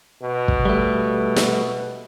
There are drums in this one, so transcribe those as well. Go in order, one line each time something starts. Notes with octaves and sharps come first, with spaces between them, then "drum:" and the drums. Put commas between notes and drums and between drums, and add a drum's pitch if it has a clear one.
B2
drum: kick
G3 A3
drum: snare